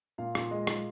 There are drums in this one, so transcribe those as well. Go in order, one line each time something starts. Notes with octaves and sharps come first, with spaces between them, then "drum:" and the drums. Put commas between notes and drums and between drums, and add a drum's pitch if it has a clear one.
A#2 F5
A#2, drum: rim click
G#3 D#5
G#3, drum: rim click